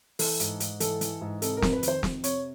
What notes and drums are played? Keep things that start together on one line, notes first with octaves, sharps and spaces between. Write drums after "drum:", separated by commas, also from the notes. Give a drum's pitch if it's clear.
E3 A4, drum: open hi-hat
G#2, drum: hi-hat
G#2, drum: hi-hat
E3 A4, drum: hi-hat
E3, drum: hi-hat
G#2
C3 A4, drum: hi-hat
A#4
F2, drum: snare
B4
D#3, drum: hi-hat
C5
F2, drum: snare
C3 C#5, drum: hi-hat